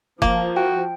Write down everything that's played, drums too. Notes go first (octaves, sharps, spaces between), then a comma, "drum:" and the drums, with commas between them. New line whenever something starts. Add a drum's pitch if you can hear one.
F3 A#3, drum: kick F#1
F#4 G5